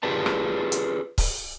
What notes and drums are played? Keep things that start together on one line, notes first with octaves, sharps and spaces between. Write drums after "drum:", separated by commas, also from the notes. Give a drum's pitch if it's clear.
F4 G4 G#4 B4 D5 A5
drum: rim click
drum: hi-hat
drum: kick C#1, open hi-hat